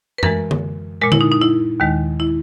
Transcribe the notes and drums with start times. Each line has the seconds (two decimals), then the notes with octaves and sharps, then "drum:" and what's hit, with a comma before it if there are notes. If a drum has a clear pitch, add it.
0.18 B4
0.23 F#2 E3 G#3 A#4, drum: tom F#2
0.51 drum: tom D3
1.01 A#2 G#3 A#4
1.12 E4, drum: tom D3
1.21 D#4
1.32 D#4
1.41 E4
1.80 D#2 D#3 G#3
2.20 E4